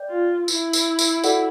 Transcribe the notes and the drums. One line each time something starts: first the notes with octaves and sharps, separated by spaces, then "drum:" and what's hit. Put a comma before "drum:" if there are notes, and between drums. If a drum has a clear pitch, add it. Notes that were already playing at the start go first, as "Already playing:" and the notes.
Already playing: D5 G5
F4
E4, drum: tambourine
drum: tambourine
drum: tambourine
F#4 A4 D5 F#5, drum: tambourine